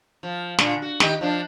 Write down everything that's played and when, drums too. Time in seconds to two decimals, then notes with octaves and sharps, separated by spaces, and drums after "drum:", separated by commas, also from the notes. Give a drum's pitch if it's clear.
0.23 F3
0.58 A#2 D3, drum: snare
0.82 F#4
1.00 D#3 G4 D#5, drum: snare
1.21 F3 D4